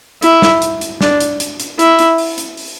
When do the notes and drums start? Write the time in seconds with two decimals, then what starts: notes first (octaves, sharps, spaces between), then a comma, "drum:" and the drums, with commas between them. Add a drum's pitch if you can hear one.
0.22 E4, drum: hi-hat
0.42 drum: snare
0.62 drum: hi-hat
0.81 drum: hi-hat
1.01 D4, drum: snare
1.20 drum: hi-hat
1.40 drum: hi-hat
1.60 drum: hi-hat
1.79 E4, drum: hi-hat
1.99 drum: hi-hat
2.18 drum: open hi-hat
2.38 drum: hi-hat
2.57 drum: open hi-hat